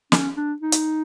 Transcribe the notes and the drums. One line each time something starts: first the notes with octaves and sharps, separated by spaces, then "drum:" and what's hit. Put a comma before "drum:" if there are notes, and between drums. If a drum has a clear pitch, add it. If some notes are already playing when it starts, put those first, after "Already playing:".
C#4, drum: snare
D4
D#4
drum: hi-hat